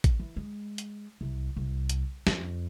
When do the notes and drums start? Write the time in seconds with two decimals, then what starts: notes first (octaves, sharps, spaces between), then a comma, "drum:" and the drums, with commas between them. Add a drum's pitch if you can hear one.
0.04 drum: kick A1, hi-hat
0.20 E3
0.37 G#3
0.78 drum: hi-hat
1.21 C2
1.56 C2
1.90 drum: hi-hat
2.27 F2, drum: snare